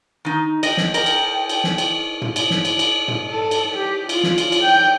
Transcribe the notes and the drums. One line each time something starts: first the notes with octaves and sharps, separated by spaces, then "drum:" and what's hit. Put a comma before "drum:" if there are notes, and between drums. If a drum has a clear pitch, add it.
D#3 D#4
D#5 G5, drum: cymbal
drum: snare
A#4, drum: cymbal
drum: cymbal
drum: cymbal
drum: snare
drum: cymbal
drum: tom
drum: cymbal
drum: snare
drum: cymbal
drum: cymbal
drum: tom
A4
drum: cymbal
G4
F4, drum: cymbal
drum: snare
drum: cymbal
drum: cymbal
G5